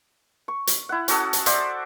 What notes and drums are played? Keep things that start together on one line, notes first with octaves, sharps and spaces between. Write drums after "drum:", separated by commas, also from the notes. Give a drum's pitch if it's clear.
C#6
drum: hi-hat
E4 F#5
C#4 F#4 A4 D#6, drum: hi-hat
drum: hi-hat
C5 D5 E5 F#5, drum: hi-hat